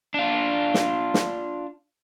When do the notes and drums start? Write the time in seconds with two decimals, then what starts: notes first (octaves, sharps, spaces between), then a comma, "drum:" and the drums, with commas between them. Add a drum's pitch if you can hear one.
0.14 D4 F4
0.74 drum: snare
1.14 drum: snare